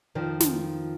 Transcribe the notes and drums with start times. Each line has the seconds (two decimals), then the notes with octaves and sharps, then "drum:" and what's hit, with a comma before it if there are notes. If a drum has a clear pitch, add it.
0.15 F2 D#3 F3
0.40 drum: snare